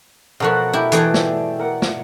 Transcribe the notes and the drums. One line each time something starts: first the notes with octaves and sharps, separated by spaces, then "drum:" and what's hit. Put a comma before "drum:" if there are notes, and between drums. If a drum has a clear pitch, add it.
B2 F3 F#4 A4 A#4 F#5
E4 G4 G5
E3 A3 G#4 A4 G5, drum: hi-hat
D5, drum: snare
A#4 F#5
drum: snare